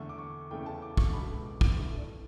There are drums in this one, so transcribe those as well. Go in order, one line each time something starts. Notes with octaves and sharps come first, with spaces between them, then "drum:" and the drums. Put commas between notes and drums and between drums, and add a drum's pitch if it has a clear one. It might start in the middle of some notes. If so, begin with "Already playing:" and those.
Already playing: E2 D3 A3 C#6
D6
C#6
E2 C#3 E3 A3 G5
A5
D6
C#6, drum: kick
C#2 B2 A3 D4 B5
D6
drum: kick
A2 E3 A3 D4 C#6
D5